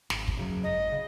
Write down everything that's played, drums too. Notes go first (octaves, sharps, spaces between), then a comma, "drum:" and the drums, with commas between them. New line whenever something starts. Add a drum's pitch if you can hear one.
G#1, drum: snare
drum: kick
F#2 C#3 F#3
G#1 D#5
C#3